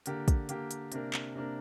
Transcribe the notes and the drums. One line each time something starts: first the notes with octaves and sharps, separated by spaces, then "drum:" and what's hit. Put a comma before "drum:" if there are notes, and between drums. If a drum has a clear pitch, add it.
D3 A#3 G4 A#4, drum: hi-hat
drum: kick, hi-hat
D3 A#3 G4 A#4, drum: hi-hat
drum: hi-hat
C3 A#3 D4 A#4, drum: hi-hat
drum: clap
C3 A#3 D4 A#4